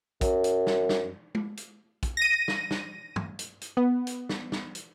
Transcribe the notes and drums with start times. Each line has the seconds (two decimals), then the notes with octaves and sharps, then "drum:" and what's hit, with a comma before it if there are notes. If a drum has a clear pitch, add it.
0.21 F#2, drum: kick, hi-hat
0.44 drum: hi-hat
0.67 drum: snare
0.89 drum: snare
1.35 drum: tom G#3
1.57 drum: hi-hat
2.03 drum: kick, hi-hat
2.17 A#6 D#7
2.48 drum: snare
2.71 drum: snare
3.16 drum: tom G2
3.39 drum: hi-hat
3.61 drum: hi-hat
3.77 B3
4.07 drum: hi-hat
4.29 drum: snare
4.52 drum: snare
4.75 drum: hi-hat